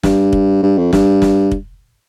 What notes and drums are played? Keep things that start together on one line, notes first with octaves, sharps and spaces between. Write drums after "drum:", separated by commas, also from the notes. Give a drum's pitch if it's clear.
G2, drum: snare
drum: kick
G2
F2
G2, drum: snare
drum: snare
drum: kick